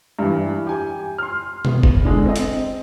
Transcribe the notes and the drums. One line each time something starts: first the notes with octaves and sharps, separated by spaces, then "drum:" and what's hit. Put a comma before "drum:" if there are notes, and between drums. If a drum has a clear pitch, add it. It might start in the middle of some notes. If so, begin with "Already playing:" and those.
G2 E3
G4 G#5
C6 F6
B3, drum: tom B2
drum: kick
D3 G#3 D4
C4 D#5
drum: hi-hat